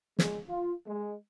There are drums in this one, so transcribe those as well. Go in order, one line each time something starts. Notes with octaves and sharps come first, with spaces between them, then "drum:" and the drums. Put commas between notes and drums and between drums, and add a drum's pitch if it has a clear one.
G#3, drum: snare
F4
G#3